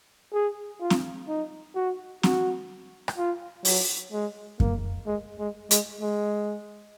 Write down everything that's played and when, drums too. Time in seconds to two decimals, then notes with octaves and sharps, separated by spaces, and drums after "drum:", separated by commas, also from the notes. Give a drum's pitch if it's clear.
0.34 G#4
0.81 F4
0.90 drum: snare C4
1.28 D#4
1.75 F#4
2.23 F#4, drum: snare C4
3.08 drum: rim click
3.18 F4
3.65 F#3, drum: open hi-hat
4.12 G#3
4.60 A#3, drum: kick F#2
5.07 G#3
5.39 G#3
5.71 G#3, drum: hi-hat
6.01 G#3